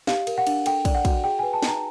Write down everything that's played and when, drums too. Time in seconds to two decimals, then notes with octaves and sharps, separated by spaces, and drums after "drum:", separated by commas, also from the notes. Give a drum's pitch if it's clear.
0.07 G4 F5, drum: snare
0.27 A#4, drum: cymbal
0.38 F#5
0.47 D4, drum: cymbal
0.66 A4 G5, drum: cymbal
0.85 D5, drum: kick, cymbal
0.95 F#5
1.05 F#4, drum: kick, cymbal
1.24 G#4 G5
1.39 B4 G#5
1.53 A5
1.63 D#4, drum: snare
1.68 A#5